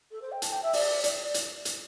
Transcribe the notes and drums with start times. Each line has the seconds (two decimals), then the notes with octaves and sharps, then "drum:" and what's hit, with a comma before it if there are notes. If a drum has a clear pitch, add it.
0.11 A4
0.21 C5
0.31 G5
0.42 A5, drum: hi-hat
0.52 G5
0.62 E5
0.73 D5, drum: open hi-hat
1.04 D5, drum: hi-hat
1.34 drum: hi-hat
1.65 drum: hi-hat